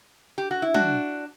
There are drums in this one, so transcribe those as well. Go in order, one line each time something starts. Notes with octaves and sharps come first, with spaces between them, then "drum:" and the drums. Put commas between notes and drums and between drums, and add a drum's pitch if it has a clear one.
G4
F#4
E4
D4 F#4, drum: tom